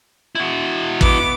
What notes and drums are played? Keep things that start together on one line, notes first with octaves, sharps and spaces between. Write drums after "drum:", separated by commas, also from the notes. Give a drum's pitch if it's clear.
E4 F#4
B3 D6, drum: kick